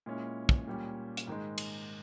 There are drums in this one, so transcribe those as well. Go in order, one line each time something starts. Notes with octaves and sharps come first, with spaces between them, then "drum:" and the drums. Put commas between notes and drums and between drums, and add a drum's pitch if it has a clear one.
A#2 G#3 C#4 E4
drum: kick
A#2 G3 C#4
drum: hi-hat
G#2 D#3 G#3
drum: cymbal